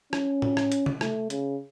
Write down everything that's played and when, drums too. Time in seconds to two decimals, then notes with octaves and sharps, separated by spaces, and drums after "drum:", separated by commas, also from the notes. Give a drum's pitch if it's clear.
0.13 C#4, drum: rim click
0.42 drum: tom A2
0.57 drum: rim click
0.72 drum: hi-hat
0.86 drum: tom C3
1.01 A3, drum: rim click
1.30 C#3, drum: hi-hat